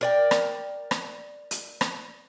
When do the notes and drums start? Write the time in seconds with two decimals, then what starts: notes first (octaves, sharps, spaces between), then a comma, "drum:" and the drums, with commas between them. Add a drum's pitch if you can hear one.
0.01 A#4 D5 G5
0.31 drum: rim click
0.91 drum: rim click
1.51 drum: hi-hat
1.81 drum: rim click